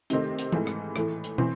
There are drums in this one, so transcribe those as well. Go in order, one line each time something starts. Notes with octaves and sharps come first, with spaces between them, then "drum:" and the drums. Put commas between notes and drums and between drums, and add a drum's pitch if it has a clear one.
C3 D#3 A3 C4 D#4, drum: hi-hat
drum: hi-hat
G#2 E3 A3, drum: tom E3
drum: rim click
A2 E3 A3, drum: rim click
drum: hi-hat
E3 C4, drum: tom